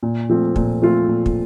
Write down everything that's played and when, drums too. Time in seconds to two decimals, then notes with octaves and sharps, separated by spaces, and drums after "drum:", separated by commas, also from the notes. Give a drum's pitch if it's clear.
0.03 A#2
0.29 F3 A3 C4 F4
0.56 A#2, drum: kick
0.82 F3 A3 C4 F4
1.08 A#2
1.26 drum: kick